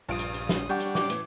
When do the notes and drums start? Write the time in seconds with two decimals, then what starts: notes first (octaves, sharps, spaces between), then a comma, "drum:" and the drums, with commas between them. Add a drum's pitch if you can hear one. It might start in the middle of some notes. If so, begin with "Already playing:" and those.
0.09 A#1 G2 F4 D#6 D7
0.19 drum: hi-hat
0.34 drum: hi-hat
0.49 drum: snare
0.69 G3 D4 G4 F#5 C#6 G6
0.80 drum: hi-hat
0.95 D6, drum: snare
1.10 A2 E3, drum: hi-hat